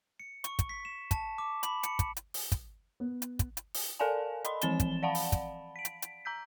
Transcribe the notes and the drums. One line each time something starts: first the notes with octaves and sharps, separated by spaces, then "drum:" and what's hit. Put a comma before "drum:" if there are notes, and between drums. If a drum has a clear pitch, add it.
C#7
C#6, drum: hi-hat
drum: kick, hi-hat
B6
E7
A5, drum: kick, hi-hat
D6
B5, drum: hi-hat
C#7, drum: hi-hat
drum: kick, hi-hat
drum: hi-hat
drum: open hi-hat
drum: kick, hi-hat
B3
drum: hi-hat
drum: kick, hi-hat
drum: hi-hat
drum: open hi-hat
A4 A#4 D5 F5 G#5 A5
D#5 B5 C6, drum: hi-hat
E3 F3 C4 A6 E7 G7, drum: hi-hat
drum: kick, hi-hat
D5 F5 F#5 A5 B5
drum: open hi-hat
drum: kick, hi-hat
B6 D7
drum: hi-hat
drum: hi-hat
A#5 E6 G6 B6